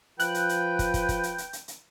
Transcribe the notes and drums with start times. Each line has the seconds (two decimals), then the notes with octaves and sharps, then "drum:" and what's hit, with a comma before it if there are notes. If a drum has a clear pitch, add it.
0.20 F3 B4 G5 F#6, drum: hi-hat
0.34 drum: hi-hat
0.49 drum: hi-hat
0.79 drum: kick, hi-hat
0.94 drum: kick, hi-hat
1.09 drum: kick, hi-hat
1.23 drum: hi-hat
1.38 drum: hi-hat
1.53 drum: hi-hat
1.68 drum: hi-hat